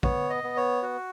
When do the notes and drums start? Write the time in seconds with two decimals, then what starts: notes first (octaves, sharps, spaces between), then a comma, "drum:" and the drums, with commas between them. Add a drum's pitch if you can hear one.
0.03 B3 C#5, drum: kick
0.30 D#5
0.44 B3
0.57 C#5
0.82 F#4